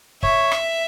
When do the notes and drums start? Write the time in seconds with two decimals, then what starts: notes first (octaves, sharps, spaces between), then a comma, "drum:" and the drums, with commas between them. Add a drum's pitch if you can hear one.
0.23 C#5 E5, drum: kick
0.52 drum: rim click